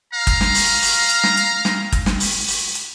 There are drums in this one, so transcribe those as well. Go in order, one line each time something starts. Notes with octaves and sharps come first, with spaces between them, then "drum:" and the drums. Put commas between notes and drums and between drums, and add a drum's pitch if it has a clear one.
F5 A#5
drum: kick, hi-hat
drum: snare
drum: open hi-hat
drum: open hi-hat
drum: hi-hat
drum: snare
drum: hi-hat
drum: snare
drum: kick, hi-hat
drum: snare
drum: open hi-hat
drum: open hi-hat
drum: hi-hat